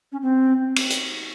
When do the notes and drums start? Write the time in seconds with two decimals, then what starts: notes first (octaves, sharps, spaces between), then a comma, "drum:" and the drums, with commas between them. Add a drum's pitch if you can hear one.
0.12 C#4
0.22 C4
0.76 drum: cymbal
0.90 drum: hi-hat